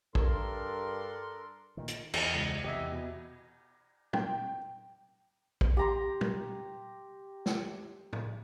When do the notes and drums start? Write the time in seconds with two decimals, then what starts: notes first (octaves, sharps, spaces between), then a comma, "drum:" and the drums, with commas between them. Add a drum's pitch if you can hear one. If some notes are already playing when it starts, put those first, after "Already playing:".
0.15 G2 D4 A4 A#4 C6, drum: kick
1.77 A#2 D#3
1.88 drum: hi-hat
2.14 E2, drum: cymbal
2.34 C#2
2.64 E2 C3 E3 G4 D#5 E5
2.92 B2
4.13 G5, drum: tom
5.61 drum: kick
5.77 G4 A#5 C6
6.21 drum: tom
7.46 drum: snare
8.13 drum: tom A2